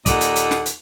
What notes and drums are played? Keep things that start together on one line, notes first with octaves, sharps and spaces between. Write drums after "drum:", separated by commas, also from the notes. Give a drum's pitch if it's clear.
D#2 A#2 A4 D5 D#5 F#5, drum: kick, hi-hat
drum: hi-hat
drum: hi-hat
drum: snare
drum: hi-hat